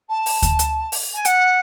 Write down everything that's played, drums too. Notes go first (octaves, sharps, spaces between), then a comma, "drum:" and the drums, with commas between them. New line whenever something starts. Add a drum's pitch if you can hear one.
A5
drum: open hi-hat
drum: kick D2, hi-hat
drum: hi-hat
drum: open hi-hat
G#5
F#5, drum: hi-hat